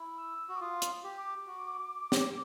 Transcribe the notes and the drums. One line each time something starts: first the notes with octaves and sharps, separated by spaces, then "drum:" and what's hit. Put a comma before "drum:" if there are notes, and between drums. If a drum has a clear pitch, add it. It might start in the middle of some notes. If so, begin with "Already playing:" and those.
Already playing: E4
E6
F#4
D6
F4 D#6
drum: hi-hat
G4
D6
F#4
drum: snare